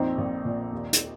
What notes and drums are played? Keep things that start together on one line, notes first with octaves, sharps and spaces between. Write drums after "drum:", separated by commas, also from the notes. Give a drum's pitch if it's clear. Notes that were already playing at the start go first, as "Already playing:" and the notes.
Already playing: A#1 F2 C4 D#4
A#1
A#2
D#2
drum: hi-hat